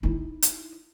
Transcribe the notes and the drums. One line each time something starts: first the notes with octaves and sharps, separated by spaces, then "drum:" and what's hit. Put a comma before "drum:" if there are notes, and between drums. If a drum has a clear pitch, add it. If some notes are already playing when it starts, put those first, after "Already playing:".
D#4 E4
drum: hi-hat